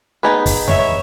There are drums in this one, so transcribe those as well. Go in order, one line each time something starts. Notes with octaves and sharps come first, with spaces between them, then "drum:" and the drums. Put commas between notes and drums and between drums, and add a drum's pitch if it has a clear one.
B3 D#4 G#4 B4
drum: kick, open hi-hat
C#5 E5, drum: tom E2